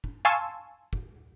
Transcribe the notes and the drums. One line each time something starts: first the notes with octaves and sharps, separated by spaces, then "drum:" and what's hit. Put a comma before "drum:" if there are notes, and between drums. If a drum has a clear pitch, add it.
drum: kick
F5 G#5 A5 C6 C#6 E6
drum: kick